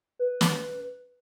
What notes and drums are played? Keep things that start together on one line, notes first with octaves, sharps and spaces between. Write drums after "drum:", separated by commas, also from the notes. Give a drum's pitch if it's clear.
B4
drum: snare